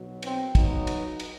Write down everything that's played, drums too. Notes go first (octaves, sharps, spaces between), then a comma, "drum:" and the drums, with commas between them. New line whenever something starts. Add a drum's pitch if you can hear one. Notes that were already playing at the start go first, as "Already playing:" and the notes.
Already playing: B1 B2 F#3
C4, drum: cymbal
B1 B2 F#3 D#4, drum: kick, cymbal
drum: cymbal
drum: cymbal